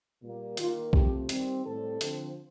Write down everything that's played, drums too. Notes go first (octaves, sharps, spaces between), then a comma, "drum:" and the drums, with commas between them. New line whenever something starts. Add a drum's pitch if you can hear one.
A#2 G3 A#3
D#3 A#3 F4, drum: hi-hat
C3 F3 A3 C4 G4, drum: kick B1
D#3 G3 C4, drum: hi-hat
A2 G3 C4 A4
D3 F3 C4, drum: hi-hat